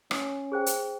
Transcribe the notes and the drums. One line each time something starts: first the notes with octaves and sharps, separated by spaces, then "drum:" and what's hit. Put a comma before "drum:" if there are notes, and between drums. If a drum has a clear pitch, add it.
C#4, drum: rim click
G#4 C5 G5
drum: hi-hat